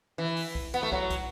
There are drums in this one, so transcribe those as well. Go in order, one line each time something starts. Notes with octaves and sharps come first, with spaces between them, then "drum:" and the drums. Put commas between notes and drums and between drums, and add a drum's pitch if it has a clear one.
E3
drum: open hi-hat
drum: kick
B3, drum: hi-hat
A3
F#3, drum: kick
drum: kick, hi-hat